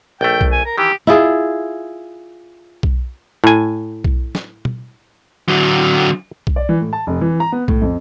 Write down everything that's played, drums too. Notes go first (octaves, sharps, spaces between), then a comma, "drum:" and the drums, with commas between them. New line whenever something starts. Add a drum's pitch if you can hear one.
A#1 A3 G5
drum: kick B1
G#5
A#4
D#3 E3 G4
E4 F4 G#4
drum: kick B1
A2 G#5
drum: kick B1
drum: snare
drum: tom
D3 F#3
drum: kick B1
D5
E3
A2
A5
F1
E3
A#5
B3
A2, drum: kick B1
F2